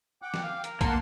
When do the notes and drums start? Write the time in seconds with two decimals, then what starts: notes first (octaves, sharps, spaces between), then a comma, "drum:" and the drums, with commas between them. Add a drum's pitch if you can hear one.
0.22 F#5 G5 D6
0.34 drum: snare
0.43 F5
0.64 A#4, drum: hi-hat
0.81 A#3 F#5 A5 A#5 C6, drum: kick, hi-hat